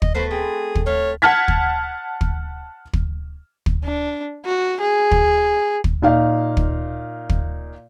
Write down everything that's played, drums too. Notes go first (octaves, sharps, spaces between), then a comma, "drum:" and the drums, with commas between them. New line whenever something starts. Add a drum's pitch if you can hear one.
D#5, drum: kick
A3 B3 F#4 C5
C4 G#4
drum: kick
A3 C#5 F5
F#5 A5 F6 G#6 B6
drum: kick
drum: kick
drum: kick
drum: kick
D4
F#4
G#4
drum: kick
drum: kick
A#2 D#4 F5
drum: kick
drum: kick